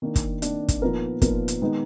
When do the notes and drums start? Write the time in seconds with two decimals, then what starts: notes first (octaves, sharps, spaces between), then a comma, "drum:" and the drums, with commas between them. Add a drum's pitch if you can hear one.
0.02 D#3 A#3 D4
0.16 drum: kick, hi-hat
0.42 D#3 A#3 D4, drum: hi-hat
0.68 drum: kick, hi-hat
0.82 A#2 F3 B3 D#4 A#4
1.22 A#2 F3 B3 D#4 A#4, drum: kick, hi-hat
1.48 drum: hi-hat
1.62 D#3 G#3 B3 D#4